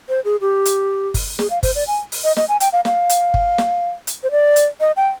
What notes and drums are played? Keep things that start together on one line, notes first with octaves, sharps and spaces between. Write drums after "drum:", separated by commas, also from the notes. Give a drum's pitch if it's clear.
C5
G#4
G4
drum: hi-hat
drum: kick, open hi-hat
G#4, drum: snare
F5
C5, drum: kick, open hi-hat
D5
G#5
drum: open hi-hat
D#5
D#5, drum: snare
G#5
G5, drum: hi-hat
F5
F5, drum: snare
drum: hi-hat
drum: kick
drum: snare
drum: hi-hat
C5
D5
drum: hi-hat
D#5
G5